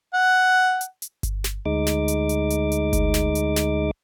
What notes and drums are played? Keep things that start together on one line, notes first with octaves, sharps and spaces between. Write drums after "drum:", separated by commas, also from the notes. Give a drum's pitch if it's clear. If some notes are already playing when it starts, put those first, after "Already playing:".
F#5
drum: hi-hat
drum: hi-hat
drum: kick G1, hi-hat
drum: snare
D2 G#3 D#4 D6
drum: snare
drum: hi-hat
drum: hi-hat
drum: hi-hat
drum: hi-hat
drum: kick G1, hi-hat
drum: snare
drum: hi-hat
drum: snare